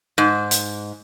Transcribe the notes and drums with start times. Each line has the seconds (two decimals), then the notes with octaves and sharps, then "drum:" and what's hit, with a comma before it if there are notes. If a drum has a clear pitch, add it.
0.18 G#2
0.51 drum: hi-hat